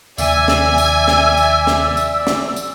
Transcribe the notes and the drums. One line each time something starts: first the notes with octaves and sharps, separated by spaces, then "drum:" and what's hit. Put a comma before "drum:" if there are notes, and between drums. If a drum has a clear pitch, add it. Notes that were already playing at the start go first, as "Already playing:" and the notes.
D#2 C3 D#3 D5 E5 G#5 E6, drum: tambourine
drum: snare
drum: tambourine
drum: snare
drum: tambourine
drum: snare
drum: tambourine
drum: snare
drum: tambourine